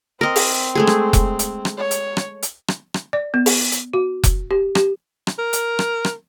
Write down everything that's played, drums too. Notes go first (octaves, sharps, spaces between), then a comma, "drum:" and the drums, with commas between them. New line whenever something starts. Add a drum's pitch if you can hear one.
C4 A#4 D#5
drum: open hi-hat
G#3 A3 G#4
drum: rim click
drum: kick F1, hi-hat
drum: hi-hat
drum: rim click
C#5
drum: hi-hat
drum: rim click
drum: hi-hat
drum: rim click
drum: rim click
D5
B3
drum: open hi-hat
drum: hi-hat
F#4
drum: kick F1, hi-hat
G4
G4, drum: rim click
drum: rim click
A#4
drum: hi-hat
drum: rim click
drum: rim click